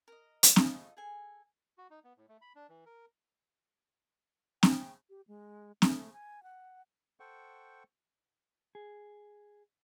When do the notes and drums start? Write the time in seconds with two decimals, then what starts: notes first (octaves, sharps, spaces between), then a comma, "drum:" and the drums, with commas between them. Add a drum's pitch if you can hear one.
0.08 A#4 D#5
0.43 drum: hi-hat
0.56 F4 A4 D#5, drum: snare C4
0.97 G#4 A4 G#5
1.78 F#4
1.90 D#4
2.04 B3
2.17 A2
2.29 A3
2.41 B5
2.55 D4
2.69 E3
2.86 A#4
4.63 G5, drum: snare C4
5.10 G4
5.27 G#3
5.82 A3, drum: snare C4
6.13 G#5
6.43 F#5
7.20 A4 C5 F#5 G5 C#6
8.75 G#4